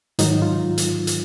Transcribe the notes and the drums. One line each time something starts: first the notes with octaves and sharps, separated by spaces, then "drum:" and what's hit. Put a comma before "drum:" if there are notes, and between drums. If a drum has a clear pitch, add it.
G#2 D#3 F#3 D#4, drum: hi-hat
F4
drum: hi-hat
drum: hi-hat